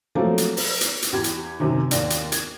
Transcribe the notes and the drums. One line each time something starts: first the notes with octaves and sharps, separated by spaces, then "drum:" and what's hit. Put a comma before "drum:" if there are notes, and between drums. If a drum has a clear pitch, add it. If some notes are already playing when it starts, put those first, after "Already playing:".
F3 F#3 A3 A#3 C4
drum: hi-hat
B4, drum: open hi-hat
drum: hi-hat
drum: hi-hat
E2 G4 G#6
drum: hi-hat
F#2 C3 D#3
D#2 D5 A#6, drum: hi-hat
drum: hi-hat
G#6, drum: hi-hat